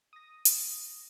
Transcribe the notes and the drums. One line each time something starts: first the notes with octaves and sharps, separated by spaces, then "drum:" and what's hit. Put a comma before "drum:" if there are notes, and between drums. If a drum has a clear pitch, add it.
D#6 A#6
drum: hi-hat